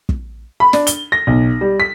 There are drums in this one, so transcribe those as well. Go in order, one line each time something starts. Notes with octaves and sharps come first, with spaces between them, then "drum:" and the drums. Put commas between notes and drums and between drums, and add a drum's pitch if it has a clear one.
drum: kick
B5
D4, drum: snare
G7, drum: hi-hat
A#6
B1
G3
B6